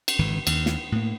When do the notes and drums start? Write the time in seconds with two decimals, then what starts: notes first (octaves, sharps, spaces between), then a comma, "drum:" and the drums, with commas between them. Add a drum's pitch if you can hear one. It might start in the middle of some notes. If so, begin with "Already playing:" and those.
0.08 drum: cymbal
0.19 G#1 D3 E3
0.47 D#2, drum: cymbal
0.66 drum: snare
0.92 A2 A#3